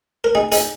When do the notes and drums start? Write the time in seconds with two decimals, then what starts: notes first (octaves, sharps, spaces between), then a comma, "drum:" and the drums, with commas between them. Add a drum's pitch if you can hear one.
0.24 A#4
0.35 D#4 G#4
0.52 D#4 G#4, drum: hi-hat